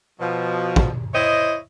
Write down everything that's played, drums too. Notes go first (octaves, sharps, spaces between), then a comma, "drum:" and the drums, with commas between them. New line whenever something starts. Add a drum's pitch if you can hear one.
B2 F3
drum: kick
E4 C5 C#5 D#5